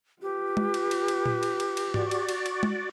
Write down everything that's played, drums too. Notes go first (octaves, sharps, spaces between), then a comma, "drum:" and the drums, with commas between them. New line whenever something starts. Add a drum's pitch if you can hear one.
F4 G4 B4
drum: tom G#3
drum: cymbal
drum: cymbal
drum: cymbal
drum: tom A#2
drum: cymbal
drum: cymbal
drum: cymbal
F#4 D5, drum: tom G#2
drum: cymbal
drum: cymbal
drum: cymbal
drum: tom G#3